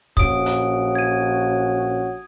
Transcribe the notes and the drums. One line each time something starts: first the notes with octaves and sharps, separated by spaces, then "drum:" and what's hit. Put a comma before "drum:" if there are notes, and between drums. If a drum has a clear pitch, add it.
A#1 C#4 F#4 D#6 D7, drum: kick
drum: hi-hat
G#6 D#7